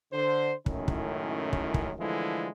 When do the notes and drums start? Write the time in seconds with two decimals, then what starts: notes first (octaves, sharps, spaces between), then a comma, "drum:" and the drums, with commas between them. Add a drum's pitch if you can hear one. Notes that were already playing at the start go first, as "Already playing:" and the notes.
0.12 D3 C5
0.66 C#2 F#2 A2 D#3 C#4 E4, drum: kick
0.88 drum: kick
1.53 drum: kick
1.74 drum: kick
1.98 D3 E3 F3 G#3 A3 E4